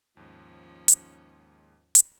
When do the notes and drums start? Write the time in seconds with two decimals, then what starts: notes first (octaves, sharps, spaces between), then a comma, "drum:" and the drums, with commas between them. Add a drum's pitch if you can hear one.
0.17 D#2 G#2 F3 C#4
0.88 drum: hi-hat
1.95 drum: hi-hat